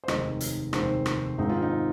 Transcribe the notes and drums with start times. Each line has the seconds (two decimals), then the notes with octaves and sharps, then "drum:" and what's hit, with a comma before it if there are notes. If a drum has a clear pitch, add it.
0.04 C5
0.08 F1 D#2 D#3 G#3 C4 D#5, drum: rim click
0.41 drum: hi-hat
0.73 F1 D#2 D#3 G#3 C4 C5, drum: rim click
1.06 drum: rim click
1.38 G#1 G#2 G#3 C4 D#4
1.49 F4
1.62 D#4